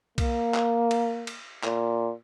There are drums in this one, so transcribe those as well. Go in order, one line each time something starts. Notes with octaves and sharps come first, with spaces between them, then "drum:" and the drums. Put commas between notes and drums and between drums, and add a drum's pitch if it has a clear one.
A#3, drum: kick B1, cymbal
drum: clap
drum: cymbal
drum: cymbal
A#2, drum: clap